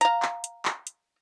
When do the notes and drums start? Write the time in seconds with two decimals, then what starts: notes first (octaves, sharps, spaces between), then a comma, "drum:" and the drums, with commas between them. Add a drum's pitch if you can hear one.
0.01 F5 A#5, drum: hi-hat
0.22 drum: clap
0.44 drum: hi-hat
0.65 drum: clap
0.87 drum: hi-hat